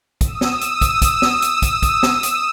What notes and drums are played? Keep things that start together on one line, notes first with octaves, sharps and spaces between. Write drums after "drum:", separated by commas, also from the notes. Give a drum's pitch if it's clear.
D#6 E6, drum: kick, hi-hat
drum: snare
drum: hi-hat
drum: kick, hi-hat
drum: kick, hi-hat
drum: snare
drum: hi-hat
drum: kick, hi-hat
drum: kick, hi-hat
drum: snare
drum: hi-hat